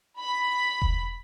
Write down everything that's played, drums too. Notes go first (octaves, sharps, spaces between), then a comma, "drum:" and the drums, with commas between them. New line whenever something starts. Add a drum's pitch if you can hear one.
B5
drum: kick E1